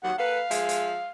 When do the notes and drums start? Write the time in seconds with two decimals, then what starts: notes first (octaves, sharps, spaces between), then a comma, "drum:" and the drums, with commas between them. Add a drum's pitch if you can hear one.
0.04 D#2 F#3 F#5
0.18 A#3 A4 B4 F5
0.51 F3 G#3 E5, drum: hi-hat
0.69 drum: hi-hat